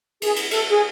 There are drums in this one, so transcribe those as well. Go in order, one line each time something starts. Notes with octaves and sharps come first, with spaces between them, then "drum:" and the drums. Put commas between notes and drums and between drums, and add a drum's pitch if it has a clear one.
G#4, drum: cymbal
drum: cymbal
A4, drum: cymbal
G#4